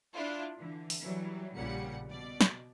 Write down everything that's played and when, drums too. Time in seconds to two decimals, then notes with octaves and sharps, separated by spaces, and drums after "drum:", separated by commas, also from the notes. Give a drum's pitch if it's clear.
0.13 D4 E4 F4
0.59 D3 E3
0.90 drum: open hi-hat
1.03 E3 F#3 G3
1.55 A#1 A#2 C#3 G3 F#5 C#7
2.09 B2 D5
2.41 drum: snare